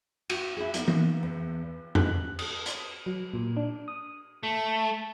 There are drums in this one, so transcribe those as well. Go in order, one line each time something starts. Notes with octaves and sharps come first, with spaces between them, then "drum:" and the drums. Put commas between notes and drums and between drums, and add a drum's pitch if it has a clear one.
F#4, drum: cymbal
E4 G#4
A#3 B3 D#4, drum: hi-hat
drum: tom E3
E2
F#6, drum: tom E2
D#6, drum: cymbal
drum: hi-hat
F#3
A#2
D4
D#6
A3